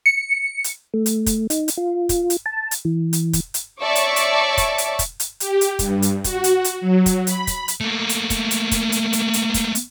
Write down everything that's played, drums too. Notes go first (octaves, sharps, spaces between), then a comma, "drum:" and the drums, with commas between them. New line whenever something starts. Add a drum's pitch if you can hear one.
C#7
drum: hi-hat
A3
drum: hi-hat
drum: kick, hi-hat
D#4, drum: hi-hat
drum: hi-hat
F4
drum: kick, hi-hat
drum: hi-hat
A5
drum: hi-hat
E3
drum: hi-hat
drum: kick, hi-hat
drum: hi-hat
C#5 D5 E5 A5 C#6 D6
drum: hi-hat
drum: hi-hat
drum: kick, hi-hat
drum: hi-hat
drum: kick, hi-hat
drum: hi-hat
G4, drum: hi-hat
drum: hi-hat
G2, drum: kick, hi-hat
drum: hi-hat
F#4, drum: kick, hi-hat
drum: hi-hat
drum: hi-hat
F#3
drum: kick, hi-hat
B5, drum: hi-hat
drum: kick, hi-hat
drum: hi-hat
A3 A#3
drum: hi-hat
drum: kick, hi-hat
drum: hi-hat
drum: kick, hi-hat
drum: hi-hat
drum: hi-hat
drum: hi-hat
drum: kick, hi-hat
drum: hi-hat